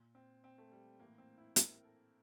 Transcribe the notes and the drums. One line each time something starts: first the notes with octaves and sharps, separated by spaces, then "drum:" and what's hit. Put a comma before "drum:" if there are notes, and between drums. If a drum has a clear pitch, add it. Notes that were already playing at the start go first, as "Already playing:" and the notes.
Already playing: A#2
C4
C4
A3
G3
A2 E3 A#3
C4
E4
A#4, drum: hi-hat
A4